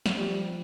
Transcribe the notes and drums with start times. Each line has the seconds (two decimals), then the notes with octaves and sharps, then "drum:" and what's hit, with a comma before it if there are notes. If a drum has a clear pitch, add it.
0.06 drum: snare
0.17 F3 G3